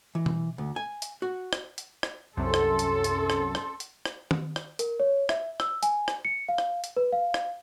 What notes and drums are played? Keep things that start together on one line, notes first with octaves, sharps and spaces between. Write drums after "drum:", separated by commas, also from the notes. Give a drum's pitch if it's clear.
E3
drum: tom B2
D2
G#5
drum: hi-hat
F#4
drum: rim click
drum: hi-hat
drum: rim click
C2 F#2 C3 C#4 A4 C6
drum: rim click
drum: hi-hat
drum: hi-hat
drum: rim click
drum: rim click
drum: hi-hat
drum: rim click
drum: tom D#3
drum: rim click
A#4, drum: hi-hat
C#5
E5, drum: rim click
E6, drum: rim click
G#5, drum: hi-hat
drum: rim click
C#7
F5
drum: rim click
drum: hi-hat
B4
F5
drum: rim click